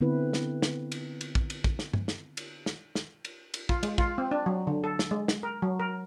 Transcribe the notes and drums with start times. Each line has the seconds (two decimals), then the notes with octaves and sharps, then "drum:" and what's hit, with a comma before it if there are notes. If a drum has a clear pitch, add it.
0.01 D3 B3 C4 E4 B4
0.33 drum: snare
0.62 drum: snare
0.92 drum: cymbal
1.21 drum: cymbal
1.35 drum: kick
1.50 drum: cymbal
1.64 drum: kick
1.79 drum: snare
1.94 drum: tom
2.08 drum: snare
2.37 drum: cymbal
2.66 drum: snare
2.95 drum: snare
3.25 drum: cymbal
3.54 drum: cymbal
3.69 F4, drum: kick
3.83 G#3, drum: cymbal
3.98 F4, drum: kick
4.18 C4
4.31 D4
4.46 F#3
4.67 D3
4.84 A4
4.99 drum: snare
5.11 G#3
5.28 drum: snare
5.43 A#4
5.62 F#3
5.80 A#4